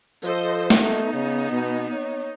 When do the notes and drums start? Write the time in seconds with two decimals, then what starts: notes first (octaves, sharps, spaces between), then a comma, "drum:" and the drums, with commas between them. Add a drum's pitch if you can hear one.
0.24 F3 A4 C5 D#5
0.70 drum: snare
0.80 A3 B3 D#4
1.14 C#3
1.52 B2
1.92 C#5